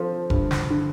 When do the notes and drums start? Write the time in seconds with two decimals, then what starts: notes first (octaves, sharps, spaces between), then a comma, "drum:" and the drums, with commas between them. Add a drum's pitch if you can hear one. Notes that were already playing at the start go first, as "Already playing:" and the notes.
Already playing: F3 C4 A4
0.30 G2, drum: kick F1
0.51 drum: snare
0.70 D3